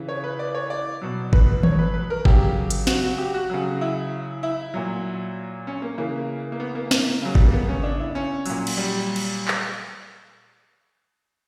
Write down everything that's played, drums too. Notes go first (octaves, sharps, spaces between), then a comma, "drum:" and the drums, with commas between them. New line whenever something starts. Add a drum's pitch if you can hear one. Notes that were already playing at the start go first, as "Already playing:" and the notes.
Already playing: C#3 E3
C#5
B4
D5
C#5
D5
B2 F#3
B4, drum: kick G#1
C#5, drum: tom D#3
B4
B4
A#4
C#3 F#3 G4, drum: kick G#1
drum: hi-hat
F#4, drum: snare
F#4
G4
F#4
C#3 F#3
E4
E4
A#2 F#3
C#4
A#3
C#3 E3 A#3
A#3
B3
A#3
A#3, drum: snare
C#3 F#3
G3, drum: kick G#1
A#3
B3
C#4
D4
E4
C#4
A#2 F#3, drum: open hi-hat
drum: cymbal
G3
drum: cymbal
drum: clap